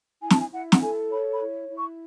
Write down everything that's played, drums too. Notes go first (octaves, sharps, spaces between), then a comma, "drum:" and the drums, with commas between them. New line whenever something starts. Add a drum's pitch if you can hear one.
E4 G#5
A5, drum: snare
G#5
E4 F#5
F#5, drum: snare
A4 G#5
C#5 B5
B5
E4
E4
C#6